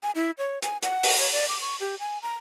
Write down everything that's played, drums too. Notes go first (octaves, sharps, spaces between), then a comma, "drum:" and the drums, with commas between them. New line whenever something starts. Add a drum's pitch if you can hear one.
G#5
E4
C#5
G#5, drum: hi-hat
F#5, drum: hi-hat
drum: open hi-hat
C#5
D5
D6
C#6
G4
G#5
A#5